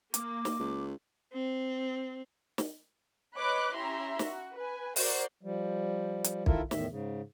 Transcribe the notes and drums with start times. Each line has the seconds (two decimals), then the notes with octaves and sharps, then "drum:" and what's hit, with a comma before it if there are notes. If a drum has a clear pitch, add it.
0.14 A#3 D6, drum: hi-hat
0.45 drum: snare
0.60 C#2
1.33 C4
2.58 drum: snare
3.38 B4 C#5 D#5 B5 D6 F#6
3.76 C#4 E4 G4 E5 A#5 C6
4.19 F#4, drum: snare
4.57 B4 G#5
4.96 F#4 A#4 C5 D5 G6 C7, drum: open hi-hat
5.43 F3 G3
6.24 drum: hi-hat
6.46 D#3 E4 F4 A4 A#4, drum: kick B1
6.71 E2 A2 D#3 E5, drum: snare
6.88 G#2 C#3